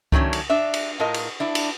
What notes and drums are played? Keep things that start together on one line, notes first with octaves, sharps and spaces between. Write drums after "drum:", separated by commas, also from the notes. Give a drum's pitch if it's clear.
D#3 F#3 A3 C#4 D4, drum: kick C#2
drum: cymbal
D4 E5
drum: cymbal
A2 F4 A#4 D#5
drum: cymbal
D4 E4
drum: cymbal